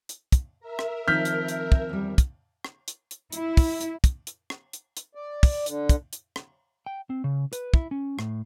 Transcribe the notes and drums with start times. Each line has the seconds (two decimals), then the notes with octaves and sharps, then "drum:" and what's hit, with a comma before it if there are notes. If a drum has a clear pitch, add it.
0.09 drum: hi-hat
0.32 drum: kick, hi-hat
0.60 A#4 E5
0.79 drum: rim click
1.08 D#3 F3 C4 D#4 F6 G6 B6
1.25 drum: hi-hat
1.48 drum: hi-hat
1.72 drum: kick
1.89 E2 G3
2.18 drum: kick, hi-hat
2.65 drum: rim click
2.88 drum: hi-hat
3.11 drum: hi-hat
3.32 E4, drum: hi-hat
3.57 drum: kick, open hi-hat
3.81 drum: hi-hat
4.04 drum: kick, hi-hat
4.27 drum: hi-hat
4.50 drum: rim click
4.73 drum: hi-hat
4.97 drum: hi-hat
5.15 D5
5.43 drum: kick, open hi-hat
5.66 D3, drum: hi-hat
5.89 drum: kick, hi-hat
6.13 drum: hi-hat
6.36 drum: rim click
6.86 G5
7.10 C4
7.24 C#3
7.53 B4, drum: hi-hat
7.74 E4, drum: kick
7.91 C#4
8.19 A2, drum: rim click